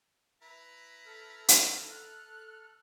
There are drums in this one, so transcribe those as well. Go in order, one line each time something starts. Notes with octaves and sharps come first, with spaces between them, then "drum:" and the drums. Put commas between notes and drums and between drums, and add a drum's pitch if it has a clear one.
E4 B4 A#5 B6
A4 F6
drum: hi-hat
F#6